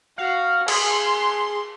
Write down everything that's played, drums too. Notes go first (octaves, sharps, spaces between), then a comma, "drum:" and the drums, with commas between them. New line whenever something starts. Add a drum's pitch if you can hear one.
F#4 F5
G#4 C6, drum: cymbal